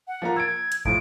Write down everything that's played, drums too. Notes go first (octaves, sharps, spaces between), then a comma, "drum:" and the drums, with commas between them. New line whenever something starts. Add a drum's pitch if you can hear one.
F#5
F3 A#3 A#5
E6 G#6 A6 D7
drum: hi-hat
F2 A2 F3 D7, drum: kick